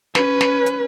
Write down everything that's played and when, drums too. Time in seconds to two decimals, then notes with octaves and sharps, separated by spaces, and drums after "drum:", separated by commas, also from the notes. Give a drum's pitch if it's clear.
0.15 C#4 B4, drum: snare
0.41 drum: snare
0.66 drum: hi-hat